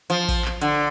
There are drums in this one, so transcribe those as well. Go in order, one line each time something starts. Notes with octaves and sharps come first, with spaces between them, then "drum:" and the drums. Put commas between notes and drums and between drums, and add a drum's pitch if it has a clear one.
F3, drum: hi-hat
drum: kick A1, open hi-hat
drum: clap
D3, drum: hi-hat